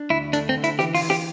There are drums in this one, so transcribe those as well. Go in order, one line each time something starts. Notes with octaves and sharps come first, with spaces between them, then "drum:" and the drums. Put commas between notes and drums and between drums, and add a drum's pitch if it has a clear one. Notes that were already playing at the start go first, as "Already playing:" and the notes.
Already playing: D4
D2 E4
A3 D4, drum: hi-hat
C4
D3
E4, drum: hi-hat
E3 G4, drum: snare
F4, drum: open hi-hat
E3
G4, drum: snare